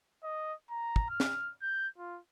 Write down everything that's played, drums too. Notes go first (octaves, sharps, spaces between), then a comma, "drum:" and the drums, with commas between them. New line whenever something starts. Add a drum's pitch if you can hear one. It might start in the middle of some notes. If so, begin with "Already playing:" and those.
D#5
A#5
drum: kick
F6
drum: snare
G6
F4